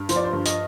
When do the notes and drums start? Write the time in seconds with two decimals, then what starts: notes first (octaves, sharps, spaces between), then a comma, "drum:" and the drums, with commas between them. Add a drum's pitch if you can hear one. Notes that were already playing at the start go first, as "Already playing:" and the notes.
Already playing: G2
0.09 F3 C5, drum: hi-hat
0.16 D5
0.24 C5
0.33 G2
0.46 D#5, drum: hi-hat